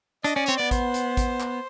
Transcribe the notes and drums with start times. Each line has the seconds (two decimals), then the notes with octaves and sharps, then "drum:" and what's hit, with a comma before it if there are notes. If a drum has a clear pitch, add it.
0.24 D4 D#5, drum: hi-hat
0.35 C#4 D5
0.46 C4 C#5, drum: hi-hat
0.57 B3 D5
0.71 C5, drum: kick A1, hi-hat
0.94 drum: hi-hat
1.17 drum: kick A1, hi-hat
1.40 drum: clap